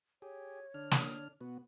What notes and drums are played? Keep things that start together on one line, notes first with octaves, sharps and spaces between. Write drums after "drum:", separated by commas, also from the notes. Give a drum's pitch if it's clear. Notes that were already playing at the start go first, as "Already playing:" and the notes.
G4 G#4 C#5
D3 D4 F6
drum: snare
B2 B3 F#4